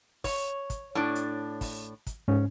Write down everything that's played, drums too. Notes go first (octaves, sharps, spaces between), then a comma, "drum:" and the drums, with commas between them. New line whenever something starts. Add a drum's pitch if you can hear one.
C#5, drum: kick, open hi-hat
drum: kick, hi-hat
A2 D4
drum: hi-hat
drum: kick, open hi-hat
drum: kick, hi-hat
G#2 C#4